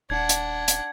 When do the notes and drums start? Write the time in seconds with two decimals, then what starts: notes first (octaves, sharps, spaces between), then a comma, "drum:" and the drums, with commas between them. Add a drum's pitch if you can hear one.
0.10 D#1 D4 F#5 G#6
0.29 drum: hi-hat
0.68 drum: hi-hat